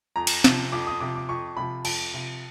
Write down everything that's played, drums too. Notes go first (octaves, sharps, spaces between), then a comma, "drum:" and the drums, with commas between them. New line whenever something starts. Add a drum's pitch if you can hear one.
F2 A#5
drum: cymbal
C3 F3, drum: snare
F2 D6
D#6
C3 F3 D6
D6
F2 C#6
C3 F3 B5
F2 A5, drum: cymbal
C3 F3